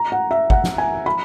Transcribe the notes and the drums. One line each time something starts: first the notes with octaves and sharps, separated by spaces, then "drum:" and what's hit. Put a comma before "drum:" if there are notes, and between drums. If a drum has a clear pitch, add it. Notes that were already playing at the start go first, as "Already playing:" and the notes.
Already playing: A#5
F#5
E5
F#5, drum: kick
drum: snare
G#5
B5